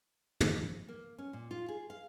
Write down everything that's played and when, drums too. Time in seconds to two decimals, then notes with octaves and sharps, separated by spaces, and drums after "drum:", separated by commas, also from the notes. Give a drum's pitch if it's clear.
0.41 drum: tom
0.89 A#3
1.18 C#4
1.33 A#2
1.51 F4
1.68 G#4
1.90 F5